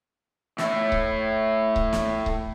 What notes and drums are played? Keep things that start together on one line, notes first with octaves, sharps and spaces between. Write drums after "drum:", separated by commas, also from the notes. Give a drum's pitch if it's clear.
A2 A3, drum: snare
drum: kick C#1
drum: kick C#1
drum: snare
drum: kick C#1